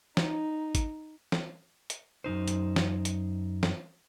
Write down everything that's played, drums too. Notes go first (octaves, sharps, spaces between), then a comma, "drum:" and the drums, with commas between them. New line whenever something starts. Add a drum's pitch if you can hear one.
D#4, drum: snare
drum: kick G#1, hi-hat
drum: snare
drum: hi-hat
F#2 A#2 D#4 C5
drum: hi-hat
drum: snare
drum: hi-hat
drum: snare